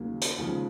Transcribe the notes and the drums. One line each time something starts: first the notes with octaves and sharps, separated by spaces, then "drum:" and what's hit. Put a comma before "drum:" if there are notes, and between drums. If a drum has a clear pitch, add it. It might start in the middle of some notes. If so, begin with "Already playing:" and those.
Already playing: D#2 C#3 F#3 A#3
drum: hi-hat
D#2 C#3 F3 G#3